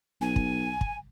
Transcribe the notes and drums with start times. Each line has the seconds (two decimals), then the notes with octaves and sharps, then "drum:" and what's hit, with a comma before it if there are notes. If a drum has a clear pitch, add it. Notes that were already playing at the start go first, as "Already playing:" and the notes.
0.21 B1 G#5
0.36 drum: kick
0.81 drum: kick